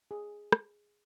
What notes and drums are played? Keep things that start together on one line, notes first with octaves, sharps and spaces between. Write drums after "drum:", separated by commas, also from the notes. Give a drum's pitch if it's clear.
G#4
drum: rim click